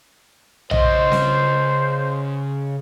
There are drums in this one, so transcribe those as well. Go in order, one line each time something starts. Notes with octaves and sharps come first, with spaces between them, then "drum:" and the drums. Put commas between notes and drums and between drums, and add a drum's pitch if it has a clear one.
C#3 C5 D#5, drum: tom A#1
drum: snare C4